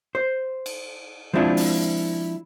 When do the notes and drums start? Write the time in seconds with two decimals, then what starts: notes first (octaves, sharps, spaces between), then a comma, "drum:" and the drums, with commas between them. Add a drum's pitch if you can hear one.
0.15 C5
0.66 drum: cymbal
1.33 F3 G#3 C4 D4 E4 F4
1.57 drum: open hi-hat